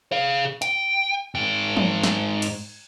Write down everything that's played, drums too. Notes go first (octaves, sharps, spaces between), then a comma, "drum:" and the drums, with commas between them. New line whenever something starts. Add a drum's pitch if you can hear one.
G#4 F5
G5, drum: hi-hat
G#2 G5
drum: tom
drum: snare
drum: cymbal